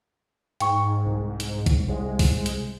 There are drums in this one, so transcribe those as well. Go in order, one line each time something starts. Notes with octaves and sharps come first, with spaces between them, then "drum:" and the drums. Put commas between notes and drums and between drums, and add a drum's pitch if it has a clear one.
G#2 G5 C#6, drum: hi-hat
C2
drum: hi-hat
drum: kick B1, hi-hat
C2 G#3
drum: kick B1, open hi-hat
drum: hi-hat